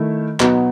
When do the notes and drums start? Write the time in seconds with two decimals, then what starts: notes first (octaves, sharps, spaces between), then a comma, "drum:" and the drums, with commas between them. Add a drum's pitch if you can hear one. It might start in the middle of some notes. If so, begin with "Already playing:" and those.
Already playing: D#3 A3 E4
0.40 B2 F#3 B3 D#4, drum: clap